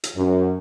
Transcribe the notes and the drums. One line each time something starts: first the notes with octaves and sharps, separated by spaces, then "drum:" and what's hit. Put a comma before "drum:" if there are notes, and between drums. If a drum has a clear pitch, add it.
drum: hi-hat
F#2